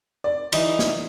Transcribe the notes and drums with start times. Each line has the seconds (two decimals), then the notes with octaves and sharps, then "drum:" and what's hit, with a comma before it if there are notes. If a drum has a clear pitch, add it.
0.24 D5
0.52 E3 D#4 B5, drum: cymbal
0.79 drum: snare